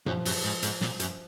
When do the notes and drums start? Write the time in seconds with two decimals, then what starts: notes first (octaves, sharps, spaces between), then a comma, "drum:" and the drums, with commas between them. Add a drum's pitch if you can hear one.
0.06 F#2 F3, drum: tom A#2
0.25 F#2, drum: open hi-hat
0.44 G#2
0.62 G#2, drum: hi-hat
0.81 A#2, drum: snare
1.00 F#2, drum: hi-hat